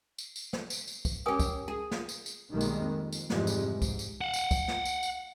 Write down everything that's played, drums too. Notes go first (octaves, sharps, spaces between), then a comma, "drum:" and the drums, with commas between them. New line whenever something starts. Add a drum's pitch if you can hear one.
drum: tambourine
drum: tambourine
drum: snare
drum: tambourine
drum: tambourine
drum: kick, tambourine
C#4 G4 A#4 G#5 D#6
drum: kick, tambourine
G#4
drum: snare
drum: tambourine
drum: tambourine
B1 D#3 G3 G#3 A#3
drum: tambourine
F2
drum: tambourine
F2 G#2 C3 E3 G3 G#3, drum: snare
drum: tambourine
G#2
drum: kick, tambourine
drum: tambourine
F5 F#5
drum: tambourine
drum: kick, tambourine
drum: snare
drum: tambourine
drum: tambourine